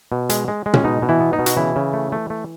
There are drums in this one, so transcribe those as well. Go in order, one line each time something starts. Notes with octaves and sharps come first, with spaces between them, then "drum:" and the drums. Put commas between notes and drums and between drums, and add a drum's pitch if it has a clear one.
B2
G#3, drum: hi-hat
G#3
G#3
C#4, drum: tom A#2
B2 D#4
B2
E3 E4
B3
D#4
B2
F#4, drum: hi-hat
C#3 E3 E4
C#3
A3
A3
A3